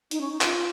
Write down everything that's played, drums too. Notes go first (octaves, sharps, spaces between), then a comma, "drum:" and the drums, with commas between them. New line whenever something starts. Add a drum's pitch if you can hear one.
D#4, drum: hi-hat
C#4
D#4
F4, drum: clap